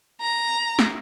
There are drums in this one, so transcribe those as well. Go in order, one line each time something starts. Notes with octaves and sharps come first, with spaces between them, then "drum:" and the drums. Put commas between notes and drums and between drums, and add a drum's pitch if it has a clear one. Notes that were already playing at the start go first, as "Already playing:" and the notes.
A#5
drum: snare